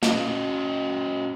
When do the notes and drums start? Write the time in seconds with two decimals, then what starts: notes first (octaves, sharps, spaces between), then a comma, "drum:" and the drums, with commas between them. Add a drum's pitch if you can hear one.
0.03 C#4 F#4 D#5, drum: snare